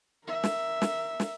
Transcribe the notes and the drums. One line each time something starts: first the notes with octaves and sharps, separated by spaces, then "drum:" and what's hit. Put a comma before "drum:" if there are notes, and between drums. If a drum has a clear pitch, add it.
A#4 E5
drum: snare
drum: snare
drum: snare